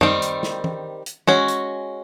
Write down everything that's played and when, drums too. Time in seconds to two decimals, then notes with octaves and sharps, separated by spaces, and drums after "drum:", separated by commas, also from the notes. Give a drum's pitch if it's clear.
0.01 D#3 G3 C4, drum: tom
0.22 drum: hi-hat
0.43 drum: snare
0.64 drum: tom E3
1.06 drum: hi-hat
1.27 G#3 C#4 F#4, drum: tom E3
1.48 drum: hi-hat